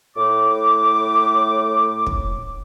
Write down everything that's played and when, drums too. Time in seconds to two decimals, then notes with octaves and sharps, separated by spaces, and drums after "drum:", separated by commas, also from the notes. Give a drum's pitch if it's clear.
0.16 A2 D6
2.07 drum: kick